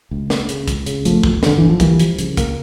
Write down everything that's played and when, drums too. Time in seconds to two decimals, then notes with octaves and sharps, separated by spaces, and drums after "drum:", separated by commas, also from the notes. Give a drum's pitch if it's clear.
0.11 C#2
0.30 A#3, drum: snare
0.49 C#3, drum: hi-hat
0.68 C#2, drum: kick, hi-hat
0.86 C#3, drum: hi-hat
1.05 G1 F3 A3, drum: hi-hat
1.23 G1, drum: kick
1.43 G1 D3, drum: snare
1.58 G1 E3
1.69 F3
1.80 E3 G3 A#3, drum: kick, hi-hat
1.99 F3, drum: hi-hat
2.18 C#3, drum: hi-hat
2.37 A#3, drum: kick, hi-hat